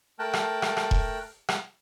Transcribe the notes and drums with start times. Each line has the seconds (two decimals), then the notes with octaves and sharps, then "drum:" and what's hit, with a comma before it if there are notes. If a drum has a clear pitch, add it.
0.19 A3 A#4 G5 A5 F#6
0.34 drum: rim click
0.62 drum: rim click
0.77 drum: rim click
0.91 drum: kick E1
1.49 drum: rim click